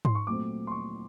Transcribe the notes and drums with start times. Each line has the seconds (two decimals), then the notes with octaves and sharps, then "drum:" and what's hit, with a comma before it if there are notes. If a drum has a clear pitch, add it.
0.05 C6, drum: tom G#2
0.15 C#6
0.27 A#2 F#3 A3 C4 D6
0.67 C6
0.71 C#6